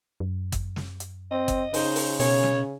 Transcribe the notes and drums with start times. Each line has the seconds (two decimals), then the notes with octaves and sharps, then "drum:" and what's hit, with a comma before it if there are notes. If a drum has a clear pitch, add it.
0.20 F#2
0.52 drum: kick G1, hi-hat
0.76 drum: snare
1.00 drum: hi-hat
1.31 C4 D#5
1.48 drum: kick G1, hi-hat
1.74 C#3 D#4 C5, drum: open hi-hat
1.96 drum: open hi-hat
2.20 B2 C#4 C#5, drum: open hi-hat
2.43 drum: snare